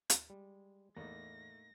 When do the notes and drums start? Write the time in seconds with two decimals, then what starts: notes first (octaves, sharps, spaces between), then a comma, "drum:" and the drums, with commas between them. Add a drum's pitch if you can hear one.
0.10 drum: hi-hat
0.30 G3 G#3
0.97 E2 A2 A3 A#3 D#4 A6 A#6